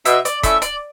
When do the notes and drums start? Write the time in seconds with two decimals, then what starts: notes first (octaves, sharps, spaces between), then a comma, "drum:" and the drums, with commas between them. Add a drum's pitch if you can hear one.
0.05 B2 E5, drum: hi-hat
0.25 D5, drum: hi-hat
0.43 A3 C#4 E4 A4 E5, drum: kick, hi-hat
0.62 D5, drum: hi-hat